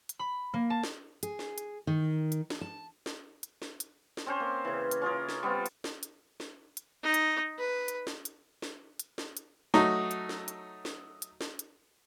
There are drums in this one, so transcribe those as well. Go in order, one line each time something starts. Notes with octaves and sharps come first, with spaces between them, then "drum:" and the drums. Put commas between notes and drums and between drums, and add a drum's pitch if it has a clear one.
drum: hi-hat
B5
A#3
A5
drum: snare
G#4, drum: hi-hat
drum: snare
drum: hi-hat
D#3
drum: hi-hat
drum: snare
A5
drum: snare
drum: hi-hat
drum: snare
drum: hi-hat
drum: snare
C4 C#4 C5
A#3
C#3 E3
drum: hi-hat
C#4 F4 G#4 A#4
drum: snare
G3 B3 C4 F4
drum: hi-hat
drum: snare
drum: hi-hat
drum: snare
drum: hi-hat
D#4
drum: hi-hat
B4
drum: hi-hat
drum: snare
drum: hi-hat
drum: snare
drum: hi-hat
drum: snare
drum: hi-hat
F#3 A3 D#4 F#4, drum: snare
drum: hi-hat
drum: snare
drum: hi-hat
drum: snare
drum: hi-hat
drum: snare
drum: hi-hat